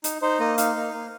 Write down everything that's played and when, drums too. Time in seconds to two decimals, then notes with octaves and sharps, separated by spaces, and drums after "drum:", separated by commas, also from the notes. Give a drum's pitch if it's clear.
0.04 D#4, drum: hi-hat
0.22 D#4 C5
0.40 A#3 D#5
0.58 D#4 F5, drum: hi-hat
0.76 A#3
0.93 A#3